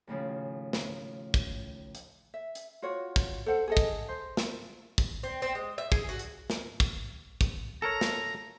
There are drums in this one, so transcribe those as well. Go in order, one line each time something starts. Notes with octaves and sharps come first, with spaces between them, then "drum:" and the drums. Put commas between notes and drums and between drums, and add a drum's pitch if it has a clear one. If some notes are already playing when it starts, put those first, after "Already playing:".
D#2 A2 C#3 F3
drum: snare
drum: kick, hi-hat
drum: hi-hat
E5
drum: hi-hat
F4 F#4 C#5
drum: kick, hi-hat
A4 C5 F#5
G#4 A4 D#5
drum: kick, hi-hat
C5
drum: snare
drum: kick, hi-hat
C4
C4
G#3
E5
G#4, drum: kick
F#4
drum: hi-hat
drum: snare
drum: kick, hi-hat
drum: kick, hi-hat
A4 A#4 C#5 A#5
drum: snare